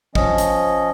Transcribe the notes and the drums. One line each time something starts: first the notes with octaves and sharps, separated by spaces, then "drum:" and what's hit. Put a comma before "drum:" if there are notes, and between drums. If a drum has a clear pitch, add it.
F3 C#4 D#5, drum: kick
drum: hi-hat